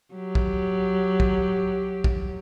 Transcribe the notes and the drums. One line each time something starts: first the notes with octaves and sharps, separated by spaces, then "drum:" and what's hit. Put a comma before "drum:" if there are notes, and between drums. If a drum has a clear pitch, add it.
F#3 G4
drum: kick A#1
drum: kick A#1
drum: kick A#1